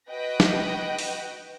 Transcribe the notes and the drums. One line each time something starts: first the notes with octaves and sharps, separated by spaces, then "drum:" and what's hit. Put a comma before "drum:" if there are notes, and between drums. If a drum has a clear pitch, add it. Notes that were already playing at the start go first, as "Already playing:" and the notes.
F#4 B4 D#5 G5 F#6 A#6
drum: snare
drum: open hi-hat